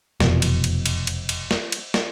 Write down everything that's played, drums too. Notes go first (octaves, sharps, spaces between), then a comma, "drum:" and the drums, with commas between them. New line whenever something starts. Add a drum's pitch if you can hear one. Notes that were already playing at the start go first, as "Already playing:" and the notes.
F1 E2 B2, drum: snare
drum: cymbal
drum: cymbal
drum: cymbal
drum: cymbal
drum: cymbal
drum: snare
drum: cymbal
drum: snare